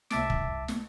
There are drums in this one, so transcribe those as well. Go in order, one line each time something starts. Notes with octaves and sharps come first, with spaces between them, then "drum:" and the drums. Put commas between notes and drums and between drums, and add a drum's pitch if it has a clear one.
C2 E5 A5 D6, drum: snare
drum: kick
drum: snare